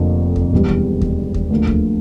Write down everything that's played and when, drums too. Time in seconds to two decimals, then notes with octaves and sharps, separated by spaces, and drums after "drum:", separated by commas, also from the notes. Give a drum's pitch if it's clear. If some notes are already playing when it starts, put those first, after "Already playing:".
Already playing: F1 F2 D3 F3 A#3
0.36 drum: kick D#2
0.52 E1 E2 E3 G3
0.69 drum: kick D#2
1.01 drum: kick D#2
1.34 drum: kick D#2
1.50 D2 D3 F3 A#3
1.67 drum: kick D#2